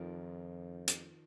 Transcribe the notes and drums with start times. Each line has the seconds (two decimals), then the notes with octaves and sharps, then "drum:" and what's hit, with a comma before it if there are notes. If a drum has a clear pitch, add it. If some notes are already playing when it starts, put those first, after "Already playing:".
Already playing: F2 D#3 F3
0.14 D#3
0.88 drum: hi-hat